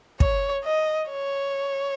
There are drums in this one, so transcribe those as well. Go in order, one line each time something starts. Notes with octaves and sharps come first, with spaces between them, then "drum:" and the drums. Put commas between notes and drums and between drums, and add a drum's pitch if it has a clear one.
C#5, drum: kick
D#5
C#5